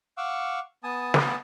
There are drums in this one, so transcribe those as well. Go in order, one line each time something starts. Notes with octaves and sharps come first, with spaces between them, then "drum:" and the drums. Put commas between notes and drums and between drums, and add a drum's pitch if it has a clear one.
F5 F#5 C#6 D6 E6
B3 G#5 A5 D#6
drum: snare